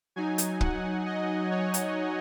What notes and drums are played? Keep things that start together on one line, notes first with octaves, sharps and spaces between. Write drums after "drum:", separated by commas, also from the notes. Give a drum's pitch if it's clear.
F#3 D#4 G#5
drum: hi-hat
F#5, drum: kick
D#5
C#5
drum: hi-hat